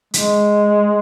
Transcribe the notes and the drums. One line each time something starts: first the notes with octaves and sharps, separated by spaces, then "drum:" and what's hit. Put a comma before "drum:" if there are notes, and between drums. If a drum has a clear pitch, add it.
G#3, drum: hi-hat